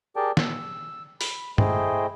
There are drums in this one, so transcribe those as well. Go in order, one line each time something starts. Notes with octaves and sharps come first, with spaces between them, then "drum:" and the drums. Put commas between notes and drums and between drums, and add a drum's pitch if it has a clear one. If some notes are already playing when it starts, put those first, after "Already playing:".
G4 G#4 A#4 D5 G5 A5
E6, drum: snare
B5, drum: open hi-hat
A3 E4 G#4 C5 D#5 G5, drum: tom G2